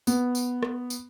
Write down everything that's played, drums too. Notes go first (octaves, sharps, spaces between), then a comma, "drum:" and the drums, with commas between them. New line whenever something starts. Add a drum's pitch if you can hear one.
B3, drum: tambourine
drum: tambourine
drum: rim click
drum: tambourine